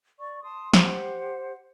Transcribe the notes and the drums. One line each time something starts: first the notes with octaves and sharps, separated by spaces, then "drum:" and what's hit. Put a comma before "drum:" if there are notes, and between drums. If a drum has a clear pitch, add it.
D5 C#6
A5 C6 D#6
G4 C5 F#5, drum: snare